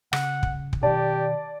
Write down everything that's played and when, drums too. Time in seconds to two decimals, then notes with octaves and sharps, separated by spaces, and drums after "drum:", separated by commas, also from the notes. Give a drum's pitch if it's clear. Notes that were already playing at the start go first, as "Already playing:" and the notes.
0.13 C#3 F#5, drum: rim click
0.43 drum: kick
0.73 drum: kick
0.83 B2 D#3 G4 D5 A5